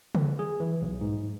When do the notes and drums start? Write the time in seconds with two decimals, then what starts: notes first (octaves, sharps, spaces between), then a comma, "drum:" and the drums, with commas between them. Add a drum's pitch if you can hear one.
0.15 drum: tom C#3
0.39 G#4
0.60 E3
0.82 B1
1.01 G#2